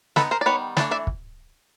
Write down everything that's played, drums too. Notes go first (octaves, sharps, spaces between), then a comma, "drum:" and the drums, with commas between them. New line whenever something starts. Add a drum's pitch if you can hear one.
G#3 B3 D#4 A4 B4, drum: snare
A#4 C5
D5
D#3 G3 B3 B4 C#5
E3 A3 D4 D5, drum: snare
D5 E5
drum: kick